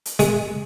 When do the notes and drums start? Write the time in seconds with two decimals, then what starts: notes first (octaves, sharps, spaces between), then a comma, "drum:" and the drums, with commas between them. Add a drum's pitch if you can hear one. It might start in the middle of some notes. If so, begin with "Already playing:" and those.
0.06 drum: hi-hat
0.19 G#3, drum: hi-hat